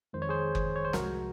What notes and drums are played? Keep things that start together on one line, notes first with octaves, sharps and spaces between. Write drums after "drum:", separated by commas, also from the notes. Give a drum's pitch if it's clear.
F2 D#3 G#3 C5
C#5
G#4 C5
drum: kick F#1
C#5
C5
C2 C3 F3 G#3 F#4 A#4, drum: snare